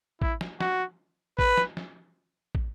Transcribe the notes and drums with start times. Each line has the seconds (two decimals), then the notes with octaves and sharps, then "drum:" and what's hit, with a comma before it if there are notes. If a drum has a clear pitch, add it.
0.22 E4, drum: kick
0.41 drum: snare
0.60 F#4, drum: snare
1.39 B4, drum: kick
1.57 drum: snare
1.77 drum: snare
2.55 drum: kick